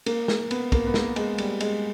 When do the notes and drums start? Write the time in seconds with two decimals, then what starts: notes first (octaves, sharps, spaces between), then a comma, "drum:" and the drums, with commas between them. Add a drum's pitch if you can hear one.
0.06 A#3, drum: cymbal
0.28 drum: snare
0.51 B3, drum: cymbal
0.72 A#3, drum: kick, cymbal
0.87 B3
0.94 A#3, drum: snare
1.16 G#3, drum: cymbal
1.38 G3, drum: cymbal
1.60 G#3, drum: cymbal